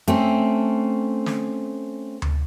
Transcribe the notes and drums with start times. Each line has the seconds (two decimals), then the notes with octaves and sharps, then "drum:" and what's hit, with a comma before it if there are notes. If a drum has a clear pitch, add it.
0.08 A3 C4 C#4, drum: hi-hat
1.26 drum: snare
2.22 drum: tom D2